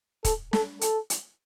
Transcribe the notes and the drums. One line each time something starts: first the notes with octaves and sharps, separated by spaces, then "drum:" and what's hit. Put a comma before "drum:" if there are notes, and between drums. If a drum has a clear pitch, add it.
A4, drum: kick, hi-hat
A4, drum: snare
A4, drum: hi-hat
drum: hi-hat